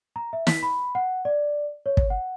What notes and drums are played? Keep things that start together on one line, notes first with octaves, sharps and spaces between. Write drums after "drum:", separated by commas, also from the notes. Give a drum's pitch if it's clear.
A#5
E5
B6, drum: snare
B5
F#5
D5
C#5
drum: kick
F#5